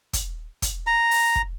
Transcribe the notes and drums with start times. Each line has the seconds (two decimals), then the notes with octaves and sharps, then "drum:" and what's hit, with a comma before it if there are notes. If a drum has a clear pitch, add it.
0.13 drum: kick, hi-hat
0.62 drum: kick, hi-hat
0.87 A#5
1.11 drum: open hi-hat
1.36 drum: kick